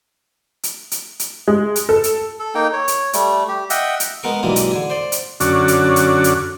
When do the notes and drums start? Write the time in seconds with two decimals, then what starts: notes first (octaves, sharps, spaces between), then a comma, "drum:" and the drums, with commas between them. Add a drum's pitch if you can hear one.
0.63 drum: hi-hat
0.91 drum: hi-hat
1.19 drum: hi-hat
1.48 G#3
1.76 drum: hi-hat
1.89 A4
2.04 drum: hi-hat
2.39 A4
2.55 A#3 D#4 G5
2.73 C#5
2.88 drum: hi-hat
3.13 G3 A3, drum: hi-hat
3.48 G4
3.70 D#5 E5 F#5 G5, drum: hi-hat
4.00 drum: hi-hat
4.23 G#3 B3 A#4 C#6
4.43 B1 G2 E3 G#3 A#3
4.56 drum: hi-hat
4.71 D3 G#5
4.90 C5 D5
5.12 drum: hi-hat
5.40 F#2 D3 C#4 F#4 D5, drum: hi-hat
5.68 drum: hi-hat
5.96 drum: hi-hat
6.24 drum: hi-hat